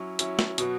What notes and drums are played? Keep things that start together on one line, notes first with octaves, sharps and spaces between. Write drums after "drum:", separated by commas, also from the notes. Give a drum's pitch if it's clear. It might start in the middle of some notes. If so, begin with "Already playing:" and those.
Already playing: F#3 C#4 E4
F#3 C#4 E4, drum: hi-hat
drum: snare
B2 F#3 B3 F#4, drum: hi-hat